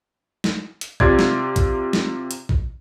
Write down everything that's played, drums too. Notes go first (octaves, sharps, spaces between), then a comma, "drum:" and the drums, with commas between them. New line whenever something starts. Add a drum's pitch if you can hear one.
drum: snare
drum: hi-hat
C3 F4 D5 G#6, drum: kick
drum: snare
drum: kick, hi-hat
drum: snare
drum: hi-hat
drum: kick